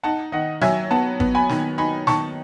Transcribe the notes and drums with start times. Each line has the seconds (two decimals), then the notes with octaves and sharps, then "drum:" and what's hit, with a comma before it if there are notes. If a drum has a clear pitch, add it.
0.03 D#4 F#5 A5
0.32 D#3 D#5 F#5
0.62 F#3 E5 G#5, drum: snare
0.91 B3 F#5 A5
1.20 B3, drum: kick G#1
1.35 G#5 B5
1.49 D#3, drum: snare
1.78 D#4 G#5 B5
2.07 D#3 A5 C#6, drum: snare